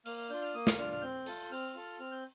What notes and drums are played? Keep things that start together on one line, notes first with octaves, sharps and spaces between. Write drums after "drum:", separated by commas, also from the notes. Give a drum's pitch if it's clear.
A#3 F6, drum: open hi-hat
F6
D4 F4 G6
F6
A#3 D#6
F6, drum: snare
D4 F4 F6
F6
C4 G6
F4 A4, drum: open hi-hat
C4 F6
F4 A4
C4 F6
G6